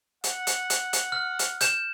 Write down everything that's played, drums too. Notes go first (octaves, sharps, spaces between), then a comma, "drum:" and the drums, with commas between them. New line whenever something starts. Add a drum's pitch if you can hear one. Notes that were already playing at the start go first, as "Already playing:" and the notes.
F#5, drum: hi-hat
drum: hi-hat
drum: hi-hat
drum: hi-hat
F6
drum: hi-hat
G6 E7, drum: hi-hat